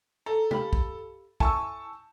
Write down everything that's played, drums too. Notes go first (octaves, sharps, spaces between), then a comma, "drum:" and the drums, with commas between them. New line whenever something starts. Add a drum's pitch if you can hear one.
A4 A#5
G4 F5 B5, drum: tom C3
drum: kick
E4 A4 G#5 A5 C#6 E6, drum: kick